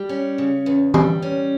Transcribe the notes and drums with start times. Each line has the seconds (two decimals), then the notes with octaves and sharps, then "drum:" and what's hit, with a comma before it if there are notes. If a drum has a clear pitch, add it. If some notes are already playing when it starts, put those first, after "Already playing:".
Already playing: G3
0.09 C#4
0.38 C#3
0.66 E2
0.94 G3, drum: tom E3
1.22 C#4